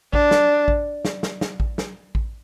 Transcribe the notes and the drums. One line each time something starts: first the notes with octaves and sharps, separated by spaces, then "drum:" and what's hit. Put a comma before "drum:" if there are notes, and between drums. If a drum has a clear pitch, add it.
D4, drum: kick A1
drum: snare
drum: kick A1
drum: snare
drum: snare
drum: snare
drum: kick A1
drum: snare
drum: kick A1